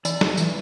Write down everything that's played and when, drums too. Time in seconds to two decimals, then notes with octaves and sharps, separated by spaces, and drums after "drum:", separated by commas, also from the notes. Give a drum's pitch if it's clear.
0.05 E3 D5, drum: tambourine
0.21 drum: snare
0.37 E3, drum: tambourine